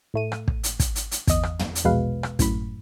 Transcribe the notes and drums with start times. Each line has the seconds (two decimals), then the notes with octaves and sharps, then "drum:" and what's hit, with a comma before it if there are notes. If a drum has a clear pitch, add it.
0.14 A2 A3 D#7
0.32 drum: rim click
0.48 drum: kick
0.64 drum: hi-hat
0.80 drum: kick, hi-hat
0.95 drum: hi-hat
1.11 drum: hi-hat
1.27 G1 E2 D#5 D#6, drum: kick, hi-hat
1.43 drum: rim click
1.59 drum: tom
1.75 drum: hi-hat
1.84 A#1 E2 B2 G#3 B4 F5
2.23 drum: rim click
2.39 F#2 A2 B5, drum: kick, hi-hat